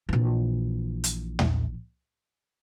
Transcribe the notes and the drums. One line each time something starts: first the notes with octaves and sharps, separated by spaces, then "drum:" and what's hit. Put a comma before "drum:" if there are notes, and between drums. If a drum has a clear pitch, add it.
A#1 E3
drum: hi-hat
drum: tom